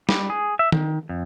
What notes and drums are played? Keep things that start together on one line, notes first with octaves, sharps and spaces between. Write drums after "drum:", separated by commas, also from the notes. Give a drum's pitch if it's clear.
G3, drum: snare
G#4
E5
D#3, drum: tom D#3
F2